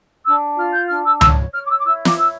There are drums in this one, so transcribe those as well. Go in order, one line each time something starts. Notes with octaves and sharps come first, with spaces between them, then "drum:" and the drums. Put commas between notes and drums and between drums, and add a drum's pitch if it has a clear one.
D4 E6
F4 F6
G6
D4 F6
E6
C#5 E6, drum: tom C#2
C#5 F6
D6
E6
D6
E4 E6
D6, drum: snare
C#5 E6